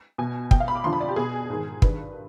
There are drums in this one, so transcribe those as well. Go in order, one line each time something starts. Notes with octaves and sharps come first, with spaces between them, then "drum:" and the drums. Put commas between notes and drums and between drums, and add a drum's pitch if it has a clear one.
B2 G#5
B2 G5, drum: kick
F5
B5
D6
F2 D3 F3 C6
B5
D5
G4
B2 G#4
G#2 D#3
G2 D#3 B4, drum: kick